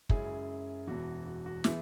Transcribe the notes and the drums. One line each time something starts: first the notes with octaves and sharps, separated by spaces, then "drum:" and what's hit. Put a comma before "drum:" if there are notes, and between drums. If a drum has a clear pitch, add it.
F#2 C#3 G#3 E4 G#4, drum: kick
E1 E2 E3 F#4
F#4
F#4
E3 B3 E4 G#4, drum: snare